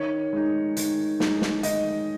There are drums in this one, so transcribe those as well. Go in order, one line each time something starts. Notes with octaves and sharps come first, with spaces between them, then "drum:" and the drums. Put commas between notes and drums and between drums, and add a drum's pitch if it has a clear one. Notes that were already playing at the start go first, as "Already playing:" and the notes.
Already playing: D#3 C#5
G#3 D#4
D#3, drum: hi-hat
G#3 D#4, drum: snare
drum: snare
D#3 D#5, drum: hi-hat